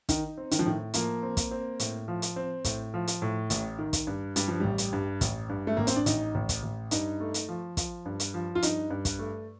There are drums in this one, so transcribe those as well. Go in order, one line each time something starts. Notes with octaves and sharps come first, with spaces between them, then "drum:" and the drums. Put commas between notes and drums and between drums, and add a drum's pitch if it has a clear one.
D#3 D#4, drum: kick, hi-hat
C4
D#3, drum: hi-hat
F3
A2 D#3
F3 A#3, drum: hi-hat
C4
drum: kick, hi-hat
C4
A2, drum: hi-hat
F3
drum: hi-hat
C4
A2, drum: kick, hi-hat
F3
drum: hi-hat
A2
A1, drum: hi-hat
D#3
drum: kick, hi-hat
G2
G2 G3, drum: hi-hat
F3
A1 G3
drum: hi-hat
G2
A1, drum: kick, hi-hat
G2
A3
A1 A#3
C4, drum: hi-hat
D4
A1 D#4, drum: hi-hat
A1
drum: kick, hi-hat
A1
G2 D#4, drum: hi-hat
A3
drum: hi-hat
F3
F3, drum: kick, hi-hat
G2
drum: hi-hat
F3
F4
G2 D#4, drum: hi-hat
G2
drum: kick, hi-hat
A3